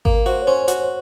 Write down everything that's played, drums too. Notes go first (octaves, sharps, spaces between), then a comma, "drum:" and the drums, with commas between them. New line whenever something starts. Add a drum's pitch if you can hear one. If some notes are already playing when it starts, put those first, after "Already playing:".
A#3 A#4, drum: kick G#1
F#4 C5
C#5
C#4 C5
F#4, drum: hi-hat